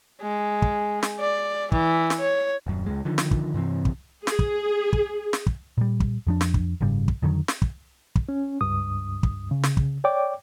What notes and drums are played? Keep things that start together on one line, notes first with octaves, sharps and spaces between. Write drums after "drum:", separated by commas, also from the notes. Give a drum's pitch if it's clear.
G#3
drum: kick
drum: snare
D5
E3, drum: kick
drum: snare
C#5
D#1 F#2
C#2 G#3
D3 D#3 F3
drum: snare
drum: kick
G2 C3 E3 C4
drum: kick
G#4, drum: snare
drum: kick
drum: kick
drum: snare
drum: kick
A#2 G3
drum: kick
F2 F3 D4
drum: snare
drum: kick
F#1 G#2 C#3 G3
drum: kick
F2 D3 D#3 F#3
drum: snare
drum: kick
drum: kick
C#4
C#2 G2 D#6
drum: kick
C#3
drum: snare
drum: kick
C#5 D5 G5 D6